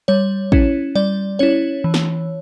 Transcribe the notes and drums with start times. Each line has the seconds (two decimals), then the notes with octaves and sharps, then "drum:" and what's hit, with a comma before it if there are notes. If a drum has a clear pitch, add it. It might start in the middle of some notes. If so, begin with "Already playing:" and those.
0.08 G3 C#5
0.52 C#4 E4, drum: kick A1
0.95 G3 D5
1.39 C#4 E4 C#5
1.84 E3
1.94 drum: snare